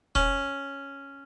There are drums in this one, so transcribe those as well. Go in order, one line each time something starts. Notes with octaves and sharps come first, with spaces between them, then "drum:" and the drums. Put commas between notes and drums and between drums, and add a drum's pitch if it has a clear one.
C#4, drum: kick